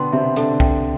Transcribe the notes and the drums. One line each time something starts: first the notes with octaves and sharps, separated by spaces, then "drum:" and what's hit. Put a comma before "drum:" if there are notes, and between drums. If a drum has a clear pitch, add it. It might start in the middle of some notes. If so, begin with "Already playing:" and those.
Already playing: B2 D3 B3 D4 G5 C6
C3 C4 E5
D3 D4 A4, drum: hi-hat
G5, drum: kick